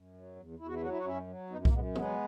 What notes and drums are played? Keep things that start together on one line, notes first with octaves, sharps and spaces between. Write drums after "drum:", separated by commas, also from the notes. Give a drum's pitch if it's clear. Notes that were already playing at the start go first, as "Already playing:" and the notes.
Already playing: F#2
F#3
E2
E2 E4
F#4
E4
F#3 F#4
E4
F#4
F#2 C#4 E4
F#3
F#2 B3 D#4
A#3, drum: kick B1
F#2 G#3 B3
F#3 G#3 B3, drum: tom